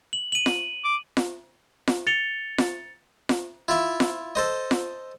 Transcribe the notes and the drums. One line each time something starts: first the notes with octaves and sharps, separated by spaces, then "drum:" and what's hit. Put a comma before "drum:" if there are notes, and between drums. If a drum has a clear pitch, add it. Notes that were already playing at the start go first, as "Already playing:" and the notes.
F#7
D#7 F#7
drum: snare F4
D6
drum: snare F4
drum: snare F4
A6 C#7 F7 G7
drum: snare F4
drum: snare F4
E4 F4 E5
drum: snare F4
A4 C5 D#5
drum: snare F4